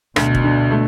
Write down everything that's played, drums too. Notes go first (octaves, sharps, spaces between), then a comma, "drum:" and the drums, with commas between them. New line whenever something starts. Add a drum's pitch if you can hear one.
D2 B2, drum: rim click
drum: kick
D3
A3